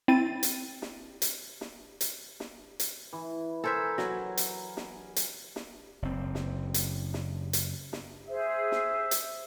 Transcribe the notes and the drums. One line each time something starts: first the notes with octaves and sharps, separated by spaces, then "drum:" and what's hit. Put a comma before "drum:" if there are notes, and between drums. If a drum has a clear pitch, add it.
C4 E4 A6 D#7
drum: hi-hat
drum: snare
drum: hi-hat
drum: snare
drum: hi-hat
drum: snare
drum: hi-hat
E3
A4 A#4 C5 E5 G#5
F#3, drum: snare
drum: hi-hat
drum: snare
drum: hi-hat
drum: snare
F#1 C4
drum: snare
drum: hi-hat
drum: snare
drum: hi-hat
drum: snare
G#4 C5 E5
drum: snare
drum: hi-hat